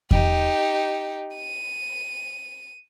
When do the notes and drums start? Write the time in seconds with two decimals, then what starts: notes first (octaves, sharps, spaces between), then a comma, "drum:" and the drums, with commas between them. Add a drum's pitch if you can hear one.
0.11 D#4 G4, drum: kick E2
1.35 D#7